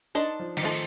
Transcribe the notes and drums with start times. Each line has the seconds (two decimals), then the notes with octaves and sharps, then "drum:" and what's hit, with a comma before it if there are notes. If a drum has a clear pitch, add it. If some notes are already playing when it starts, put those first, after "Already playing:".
0.15 D4 D#4 A4 C5 D#5
0.39 F3
0.57 D#3, drum: cymbal
0.63 F3 A3 C4 D#4 A4